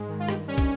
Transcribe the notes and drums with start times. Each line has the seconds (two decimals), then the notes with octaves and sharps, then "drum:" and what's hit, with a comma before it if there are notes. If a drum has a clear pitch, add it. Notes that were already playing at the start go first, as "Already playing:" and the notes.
Already playing: G#2 G#3
0.09 D#3
0.20 F4
0.28 G2 G4, drum: rim click
0.48 G3 C#4
0.58 drum: kick, hi-hat